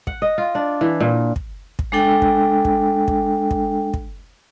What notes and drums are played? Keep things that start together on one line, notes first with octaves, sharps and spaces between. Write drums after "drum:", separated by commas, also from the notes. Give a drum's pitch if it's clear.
F#5, drum: kick
D#5
F4
D4
E3
A#2
drum: kick
drum: kick
G#3 D4 A4 G5
drum: kick
drum: kick
drum: kick
drum: kick
drum: kick